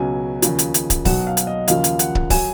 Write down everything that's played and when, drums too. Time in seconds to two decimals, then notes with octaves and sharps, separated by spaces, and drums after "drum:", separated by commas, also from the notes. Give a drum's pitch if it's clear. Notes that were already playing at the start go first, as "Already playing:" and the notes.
Already playing: C#2 B2 F#3 G#5
0.42 D#2 C#3 F3, drum: hi-hat
0.59 drum: hi-hat
0.74 drum: hi-hat
0.90 drum: kick, hi-hat
1.05 B1 B2 F#3 F#5, drum: kick, open hi-hat
1.27 F5
1.37 drum: hi-hat
1.47 D#5
1.68 D#2 C#3 F3 F5, drum: hi-hat
1.84 drum: hi-hat
1.99 F#5, drum: hi-hat
2.15 drum: kick
2.30 F#3 G#5, drum: kick, open hi-hat